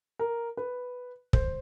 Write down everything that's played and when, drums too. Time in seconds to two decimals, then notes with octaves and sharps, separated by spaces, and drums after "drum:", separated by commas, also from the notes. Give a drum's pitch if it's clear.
0.19 A#4
0.57 B4
1.33 C5, drum: kick